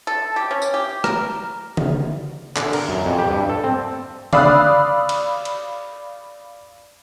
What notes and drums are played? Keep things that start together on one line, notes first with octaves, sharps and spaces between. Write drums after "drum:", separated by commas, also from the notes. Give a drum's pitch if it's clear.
A4
G4
C#4
drum: tambourine
G4
A#4, drum: rim click
drum: tom C#3
D3, drum: clap
A#4, drum: cymbal
F#2
F2
G4
G2
A4
C4
D5 F5 B5 D#6 E6 F#6, drum: tom C#3
drum: cymbal
drum: cymbal